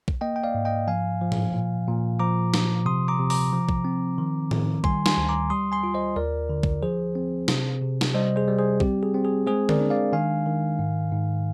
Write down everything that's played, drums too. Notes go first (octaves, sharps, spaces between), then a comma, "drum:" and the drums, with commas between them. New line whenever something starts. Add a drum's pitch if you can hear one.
drum: kick B1
A#3 D#5 G5
G5
D5 F5
G#2
D#5 G5
F3 F5 G#5
F3
drum: tom A2
A#2
A#2
F3 A#5 D6
F3, drum: snare
C3 C6 D#6
A#5 D6
C3
A#5 D6, drum: open hi-hat
F3
drum: kick B1
C4
D#3
D#3, drum: tom A2
G3 G#5 C6, drum: kick B1
G#5 C6, drum: snare
D2
A#5 D6
G3 C6 D#6
G#5 C6
F4
C5 D#5
D#2 A#4 D5
D3
drum: kick B1
F3 G#4 C5
C4
C3, drum: snare
C3
drum: snare
G3 C5 D#5
G#4 C5
G3
G#4 C5
C4 G4, drum: kick B1
G#4
C4
G#4
G#3 G#4 C5
A#4 D5, drum: tom D3
D4
D5 F5
D#3 F5 G#5
D#3
G#2
G#2